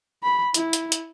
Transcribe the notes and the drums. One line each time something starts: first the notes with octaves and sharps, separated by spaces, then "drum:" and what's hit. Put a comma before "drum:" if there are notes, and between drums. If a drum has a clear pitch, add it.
B5
E4, drum: hi-hat
drum: hi-hat
drum: hi-hat